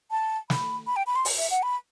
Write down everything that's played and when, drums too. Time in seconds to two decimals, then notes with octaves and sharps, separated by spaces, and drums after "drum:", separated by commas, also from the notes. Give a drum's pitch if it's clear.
0.11 A5
0.50 B5, drum: snare
0.87 B5
0.96 G5
1.07 B5
1.16 C6
1.25 drum: open hi-hat
1.38 E5
1.51 F#5
1.63 B5